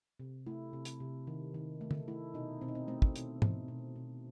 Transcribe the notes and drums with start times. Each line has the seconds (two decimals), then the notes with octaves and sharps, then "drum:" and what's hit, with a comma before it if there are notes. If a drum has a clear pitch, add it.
0.20 C3
0.46 A3 E4
0.73 C3
0.85 drum: hi-hat
1.00 C3
1.27 D#3
1.54 D#3
1.81 A3
1.91 drum: tom
2.08 A3 E4
2.34 B2 D#4
2.61 B2 C4
2.68 D#4
2.75 C4
2.88 A3 C4
3.02 drum: kick
3.16 B2, drum: hi-hat
3.42 B2, drum: tom G#2
3.68 B2
3.96 B2